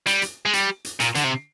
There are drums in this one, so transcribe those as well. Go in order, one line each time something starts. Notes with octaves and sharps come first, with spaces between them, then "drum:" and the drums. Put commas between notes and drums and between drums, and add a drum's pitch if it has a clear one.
G3, drum: hi-hat
drum: hi-hat
G#3
G3, drum: hi-hat
drum: hi-hat
A#2, drum: hi-hat
D3, drum: hi-hat
C3